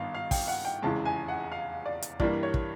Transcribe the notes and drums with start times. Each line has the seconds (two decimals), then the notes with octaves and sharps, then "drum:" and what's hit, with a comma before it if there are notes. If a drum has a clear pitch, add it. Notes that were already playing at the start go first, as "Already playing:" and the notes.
Already playing: G#1 G2 D#3 B3 F5
0.14 F5
0.31 G5, drum: kick, open hi-hat
0.48 F#5
0.65 G5
0.82 F1 E2 C#3 E3 G#3 A5
1.05 G#5
1.28 F#5
1.52 F5
1.86 D5
2.02 drum: hi-hat
2.20 G2 E3 G3 A#3 D5, drum: kick
2.43 C#5
2.54 drum: kick